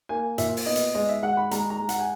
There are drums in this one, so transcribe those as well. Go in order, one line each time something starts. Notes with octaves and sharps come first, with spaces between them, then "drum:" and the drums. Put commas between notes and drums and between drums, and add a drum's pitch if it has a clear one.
A#3 G#5
A#2 E5, drum: hi-hat
drum: open hi-hat
B3 D#5
drum: hi-hat
G#3 D#5
E5
G#3 F#5
B5
G#3 A#5, drum: hi-hat
A#5
G#3
F#5, drum: hi-hat
G#5